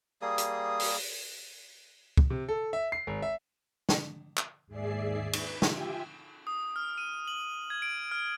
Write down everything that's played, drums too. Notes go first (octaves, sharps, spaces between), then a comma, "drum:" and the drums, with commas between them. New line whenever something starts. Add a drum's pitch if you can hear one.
G3 A#3 G#4 D#6
drum: hi-hat
drum: open hi-hat
drum: kick
C3
A4
E5
C7
G#1
E5
drum: snare
drum: clap
D#2 G#2 G#4 D5 E5 C7
B4, drum: cymbal
F4 G4 E5 G5 G#5, drum: snare
D#6
F6
D#7
F#7
G#6
D7
F6